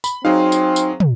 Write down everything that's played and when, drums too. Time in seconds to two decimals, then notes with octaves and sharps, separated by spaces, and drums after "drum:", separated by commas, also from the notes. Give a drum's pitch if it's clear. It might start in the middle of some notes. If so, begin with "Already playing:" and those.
0.04 B5, drum: tambourine
0.25 F#3 C4 D#4 G#4 F5
0.52 drum: tambourine
0.76 drum: tambourine
1.00 drum: tom